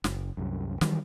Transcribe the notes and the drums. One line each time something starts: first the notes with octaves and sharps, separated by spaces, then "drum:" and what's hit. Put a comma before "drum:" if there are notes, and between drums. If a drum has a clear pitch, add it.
F#1, drum: snare
C2 F#2
D#3 E3 F#3 G3, drum: snare